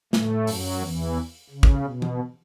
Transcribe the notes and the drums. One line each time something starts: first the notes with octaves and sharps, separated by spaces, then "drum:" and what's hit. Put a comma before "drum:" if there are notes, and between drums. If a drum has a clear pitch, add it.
A2 A3, drum: snare
F#2 F#3, drum: open hi-hat
E2 E3
C#3
drum: kick
B2
drum: tom E3